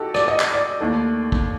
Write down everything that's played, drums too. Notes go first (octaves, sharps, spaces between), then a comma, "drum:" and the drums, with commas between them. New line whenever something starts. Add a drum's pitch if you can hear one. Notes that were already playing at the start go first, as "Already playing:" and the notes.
Already playing: D#4 F#4 G4 A4
D5, drum: rim click
D#5
drum: clap
D5
D#2 D#3 A3
drum: kick